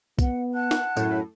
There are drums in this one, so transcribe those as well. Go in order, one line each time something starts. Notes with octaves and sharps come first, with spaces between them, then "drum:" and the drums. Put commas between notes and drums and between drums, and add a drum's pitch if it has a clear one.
B3 F#5, drum: kick B1, tambourine
F#5 A5 F#6
drum: snare
F#2 A2, drum: tambourine